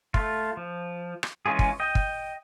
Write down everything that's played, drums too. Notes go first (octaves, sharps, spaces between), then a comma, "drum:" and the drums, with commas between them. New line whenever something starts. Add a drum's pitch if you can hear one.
A3 F4, drum: kick
F3
drum: rim click
E3 G#3 C#4 F4 G#4
drum: kick
D#5 G5
drum: kick